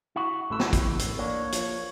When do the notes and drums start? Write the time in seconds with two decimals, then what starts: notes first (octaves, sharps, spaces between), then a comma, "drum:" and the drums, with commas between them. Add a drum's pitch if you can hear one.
0.16 E4 F#4
0.50 A1 A2 E3 A3 E6
0.60 drum: snare
0.73 drum: kick, hi-hat
0.99 drum: hi-hat
1.19 A#3 D4 C#5
1.52 F3, drum: hi-hat